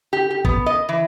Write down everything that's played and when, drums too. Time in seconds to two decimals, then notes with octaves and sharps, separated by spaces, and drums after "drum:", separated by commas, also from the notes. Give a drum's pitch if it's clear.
0.13 G4
0.31 G4
0.45 B3, drum: kick
0.66 D#5
0.89 E3